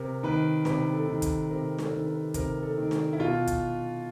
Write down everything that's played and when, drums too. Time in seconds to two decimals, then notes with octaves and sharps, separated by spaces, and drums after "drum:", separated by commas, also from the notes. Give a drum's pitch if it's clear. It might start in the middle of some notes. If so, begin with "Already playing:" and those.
Already playing: C3 A#4
0.23 D#3 B4
0.65 C3 B4, drum: snare D4
0.93 A4
1.08 D#3
1.22 drum: kick, hi-hat
1.50 C3 A#4
1.79 A4, drum: snare D4
1.92 D#3
2.06 B4
2.34 C3 A#4, drum: kick, hi-hat
2.62 A4
2.78 D#3
2.91 drum: snare D4
3.13 E4
3.19 B2 F4
3.47 drum: kick, hi-hat